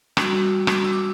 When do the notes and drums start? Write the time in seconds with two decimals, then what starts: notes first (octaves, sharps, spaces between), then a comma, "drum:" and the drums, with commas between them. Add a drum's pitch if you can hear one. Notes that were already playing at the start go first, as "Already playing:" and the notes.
0.17 G3 D4 F#4 E6, drum: rim click
0.67 drum: rim click
0.84 E6
0.93 D6